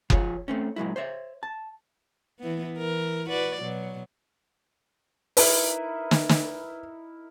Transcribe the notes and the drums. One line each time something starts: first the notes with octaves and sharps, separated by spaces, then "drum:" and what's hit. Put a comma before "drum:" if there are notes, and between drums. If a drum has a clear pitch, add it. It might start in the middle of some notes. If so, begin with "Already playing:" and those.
F3 F4 G#4 A#4 C#5, drum: kick F#1
A3 C4 C#4
A#2 F#3 G#3 E4
C5 C#5 E5
A5
E3 B3
E3 A#4
F#4 B4 D5
B2 F#3
D#4 E4 A#4 B4, drum: open hi-hat
drum: snare
drum: snare